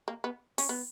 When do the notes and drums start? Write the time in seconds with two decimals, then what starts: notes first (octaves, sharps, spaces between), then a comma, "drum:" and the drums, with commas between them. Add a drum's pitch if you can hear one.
0.08 A#3
0.24 B3
0.58 C#4, drum: open hi-hat
0.69 B3